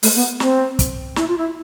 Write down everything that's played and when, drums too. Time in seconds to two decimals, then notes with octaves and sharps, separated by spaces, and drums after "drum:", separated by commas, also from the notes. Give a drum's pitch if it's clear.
0.03 A3, drum: open hi-hat
0.16 B3
0.40 C4, drum: snare
0.79 drum: kick, hi-hat
1.16 E4, drum: snare
1.28 F4
1.38 E4